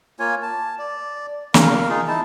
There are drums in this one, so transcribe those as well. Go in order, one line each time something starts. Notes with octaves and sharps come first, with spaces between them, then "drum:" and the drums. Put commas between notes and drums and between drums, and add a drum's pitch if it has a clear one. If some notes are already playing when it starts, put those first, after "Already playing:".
A#3 F4 C#5 G#5
A5
D5
A#4 F5, drum: snare
D#4 F4 G#4
D#4 E4 A5